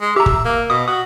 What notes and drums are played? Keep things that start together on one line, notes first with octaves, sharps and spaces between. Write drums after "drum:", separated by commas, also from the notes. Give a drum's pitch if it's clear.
G#3
G4 E5 A#5
drum: kick
A#3
B2 D#6
F#4 D#6